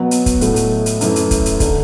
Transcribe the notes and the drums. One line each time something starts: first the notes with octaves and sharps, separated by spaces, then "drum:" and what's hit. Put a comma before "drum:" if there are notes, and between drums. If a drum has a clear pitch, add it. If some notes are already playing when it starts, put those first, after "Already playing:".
Already playing: B2 F#3 B3
drum: hi-hat
drum: kick, hi-hat
A2 F#3 A3, drum: hi-hat
drum: hi-hat
drum: hi-hat
F#2 E3 A3, drum: hi-hat
drum: hi-hat
drum: kick, hi-hat
drum: hi-hat
D3 A3, drum: kick, hi-hat